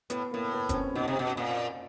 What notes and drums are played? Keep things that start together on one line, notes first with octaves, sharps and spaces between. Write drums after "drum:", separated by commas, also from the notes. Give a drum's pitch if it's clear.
A2 B3, drum: hi-hat
A2 A#3
B3
C4, drum: kick F1, hi-hat
C#4
B2 D#4
C3
B2
A#2